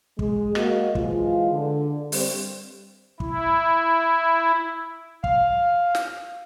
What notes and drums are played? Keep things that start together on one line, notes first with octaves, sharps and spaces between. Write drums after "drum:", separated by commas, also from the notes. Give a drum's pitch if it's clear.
G#3, drum: kick
A#3 F#4 D#5, drum: rim click
E3 F3 G#3 F4, drum: kick
D3
G3 C4, drum: open hi-hat
E4, drum: kick
F5, drum: kick
drum: snare